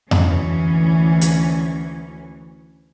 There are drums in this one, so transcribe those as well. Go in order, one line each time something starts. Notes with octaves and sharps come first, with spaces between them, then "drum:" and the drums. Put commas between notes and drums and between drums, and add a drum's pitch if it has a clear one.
D2 E3 C#4, drum: tom F2
drum: hi-hat